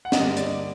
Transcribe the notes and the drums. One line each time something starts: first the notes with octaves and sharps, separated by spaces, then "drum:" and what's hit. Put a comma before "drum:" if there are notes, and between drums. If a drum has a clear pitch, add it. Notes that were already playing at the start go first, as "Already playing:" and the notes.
F#5
G2 D3 G3 A#3 D#5, drum: snare
D5, drum: hi-hat